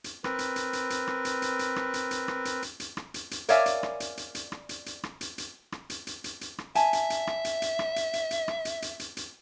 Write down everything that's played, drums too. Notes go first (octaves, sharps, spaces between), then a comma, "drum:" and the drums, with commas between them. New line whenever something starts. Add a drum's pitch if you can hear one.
drum: hi-hat
C4 A#4 B4, drum: rim click
drum: hi-hat
drum: hi-hat
drum: hi-hat
drum: hi-hat
drum: rim click
drum: hi-hat
drum: hi-hat
drum: hi-hat
drum: rim click
drum: hi-hat
drum: hi-hat
drum: rim click
drum: hi-hat
drum: hi-hat
drum: hi-hat
drum: rim click
drum: hi-hat
drum: hi-hat
A#4 C#5 D5 E5 F5 G#5, drum: hi-hat
drum: hi-hat
drum: rim click
drum: hi-hat
drum: hi-hat
drum: hi-hat
drum: rim click
drum: hi-hat
drum: hi-hat
drum: rim click
drum: hi-hat
drum: hi-hat
drum: rim click
drum: hi-hat
drum: hi-hat
drum: hi-hat
drum: hi-hat
drum: rim click
E5 G#5 A5, drum: hi-hat
drum: hi-hat
drum: hi-hat
drum: rim click
drum: hi-hat
drum: hi-hat
drum: rim click
drum: hi-hat
drum: hi-hat
drum: hi-hat
drum: rim click
drum: hi-hat
drum: hi-hat
drum: hi-hat
drum: hi-hat